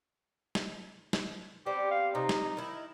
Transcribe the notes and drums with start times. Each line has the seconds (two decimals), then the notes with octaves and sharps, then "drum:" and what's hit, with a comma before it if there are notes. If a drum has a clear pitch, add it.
0.55 drum: snare
1.13 drum: snare
1.66 G3 B3 C4 G4
1.91 F5
2.15 C3 D#4
2.29 drum: snare
2.57 D#3 E4